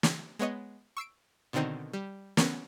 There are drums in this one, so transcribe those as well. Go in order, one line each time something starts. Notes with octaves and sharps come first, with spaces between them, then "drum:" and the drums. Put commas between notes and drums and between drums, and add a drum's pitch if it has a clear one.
drum: snare
G#3 B3 C#5 D#5
C#6 E6 C7 D7
B2 D3 D#3 C4 D#4
G3
B3 C#4 A#4, drum: snare